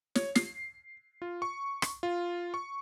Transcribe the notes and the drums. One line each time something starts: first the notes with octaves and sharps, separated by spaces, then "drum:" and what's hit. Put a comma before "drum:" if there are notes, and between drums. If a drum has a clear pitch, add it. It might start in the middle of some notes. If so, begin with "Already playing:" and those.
C#5, drum: snare
C7, drum: snare
F4
C#6
drum: rim click
F4
C#6